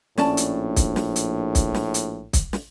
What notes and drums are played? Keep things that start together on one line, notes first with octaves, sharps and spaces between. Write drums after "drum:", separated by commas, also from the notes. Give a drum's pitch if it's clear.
A#1 A2 C#4 D5 A5, drum: snare
drum: hi-hat
drum: kick, hi-hat
drum: snare
drum: hi-hat
drum: kick, hi-hat
drum: snare
drum: hi-hat
drum: kick, hi-hat
drum: snare